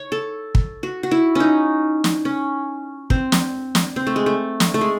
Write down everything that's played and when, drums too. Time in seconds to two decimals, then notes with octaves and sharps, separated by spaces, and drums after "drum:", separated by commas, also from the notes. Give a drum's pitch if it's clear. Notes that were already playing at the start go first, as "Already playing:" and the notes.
Already playing: C#5
0.12 A4
0.55 drum: kick
0.83 F#4
1.03 F#4
1.11 E4
1.35 C#4 D#4
2.04 drum: snare
2.25 C#4
3.10 C4, drum: kick
3.32 drum: snare
3.75 drum: snare
3.96 C4
4.07 A3
4.16 G#3
4.26 A3
4.60 drum: snare
4.74 A3
4.81 G#3